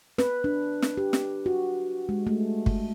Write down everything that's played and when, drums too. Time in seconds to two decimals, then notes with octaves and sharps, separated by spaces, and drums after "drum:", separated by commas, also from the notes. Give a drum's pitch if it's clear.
0.18 B4, drum: snare
0.44 D4
0.82 drum: snare
0.98 G4
1.13 drum: snare
1.46 F#4
2.09 G#3
2.27 A3
2.66 drum: kick